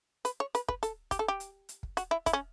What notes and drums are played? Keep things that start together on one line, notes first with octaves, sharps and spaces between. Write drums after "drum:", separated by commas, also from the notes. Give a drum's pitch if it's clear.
B4, drum: hi-hat
C#5
B4, drum: hi-hat
B4, drum: kick
A4, drum: hi-hat
G4, drum: kick, hi-hat
A4
G4
drum: hi-hat
drum: hi-hat
drum: kick
F#4, drum: hi-hat
E4
E4, drum: kick, hi-hat
C#4